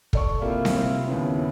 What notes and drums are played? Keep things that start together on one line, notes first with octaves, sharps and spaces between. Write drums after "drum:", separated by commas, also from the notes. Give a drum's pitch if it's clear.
A4 D5 C#6, drum: kick
C3 A#3 E4 F4 G4
drum: snare C4
D#2 A2 C#3 B3 C#4 E4